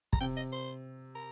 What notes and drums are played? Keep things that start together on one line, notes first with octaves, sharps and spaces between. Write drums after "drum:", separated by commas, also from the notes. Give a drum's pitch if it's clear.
A#5, drum: kick
C3 G5
D#5
C5
A#4